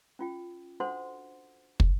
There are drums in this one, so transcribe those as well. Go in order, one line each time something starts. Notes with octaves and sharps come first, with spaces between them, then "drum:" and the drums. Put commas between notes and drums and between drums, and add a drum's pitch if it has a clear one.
C#4 F4 G5
D4 F#4 A4 C5 F#5 C6
drum: kick